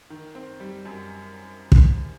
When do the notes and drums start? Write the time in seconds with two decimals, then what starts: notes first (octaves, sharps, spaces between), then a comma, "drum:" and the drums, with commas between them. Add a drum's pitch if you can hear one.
0.10 D#3
0.35 C4
0.60 G3
0.85 F#2
1.72 drum: kick